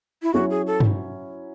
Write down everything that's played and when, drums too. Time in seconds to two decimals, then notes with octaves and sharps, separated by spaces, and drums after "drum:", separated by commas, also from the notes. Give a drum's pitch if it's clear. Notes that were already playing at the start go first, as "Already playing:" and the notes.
0.23 E4
0.34 F#3 C#4 E4 F#4
0.50 G#4
0.67 A4
0.80 drum: tom G2